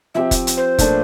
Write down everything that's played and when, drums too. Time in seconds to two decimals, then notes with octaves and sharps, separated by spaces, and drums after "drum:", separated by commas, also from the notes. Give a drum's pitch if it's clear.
0.15 F3 C4 G4 E5
0.31 drum: kick F1, hi-hat
0.47 drum: hi-hat
0.57 C5
0.78 A#2 F3 A3 D4, drum: kick F1, hi-hat